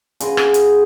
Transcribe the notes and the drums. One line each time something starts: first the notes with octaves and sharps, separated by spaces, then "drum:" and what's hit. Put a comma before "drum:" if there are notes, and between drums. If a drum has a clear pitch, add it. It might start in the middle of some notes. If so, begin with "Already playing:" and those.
C#3 F#4 B4 C6, drum: hi-hat
drum: rim click
drum: hi-hat